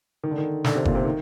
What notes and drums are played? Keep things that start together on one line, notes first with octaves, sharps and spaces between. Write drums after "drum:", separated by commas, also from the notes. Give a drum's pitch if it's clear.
D#3
D3
D#3
D3, drum: snare
C3
A#2, drum: kick F#1
C3
D#3